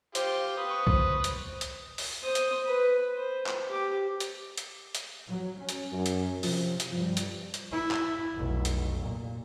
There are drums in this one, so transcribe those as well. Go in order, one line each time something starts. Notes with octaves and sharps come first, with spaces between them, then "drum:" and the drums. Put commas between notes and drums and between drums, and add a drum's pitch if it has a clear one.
F4 G4 C5, drum: hi-hat
B4 D#6
C#6
C5, drum: kick C2
drum: hi-hat
drum: hi-hat
drum: open hi-hat
C5 D#6
drum: hi-hat
B4
C5
drum: clap
G4 D6
drum: hi-hat
drum: hi-hat
drum: hi-hat
F#3
C#4
drum: hi-hat
F#2
drum: hi-hat
C3 F3, drum: open hi-hat
drum: hi-hat
G2 F3 G3
drum: hi-hat
drum: hi-hat
E4
drum: clap
F1 B1
drum: hi-hat
A#2